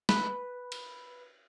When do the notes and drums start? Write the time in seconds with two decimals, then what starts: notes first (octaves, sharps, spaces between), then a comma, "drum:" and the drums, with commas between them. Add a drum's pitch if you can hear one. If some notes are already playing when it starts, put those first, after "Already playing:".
0.09 B4, drum: snare
0.72 drum: cymbal